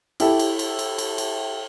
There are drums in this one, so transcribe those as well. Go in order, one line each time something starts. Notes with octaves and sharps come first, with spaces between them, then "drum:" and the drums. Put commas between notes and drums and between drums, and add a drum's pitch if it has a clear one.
E4 G4 A4, drum: cymbal
drum: cymbal
drum: cymbal
drum: cymbal
drum: cymbal
drum: cymbal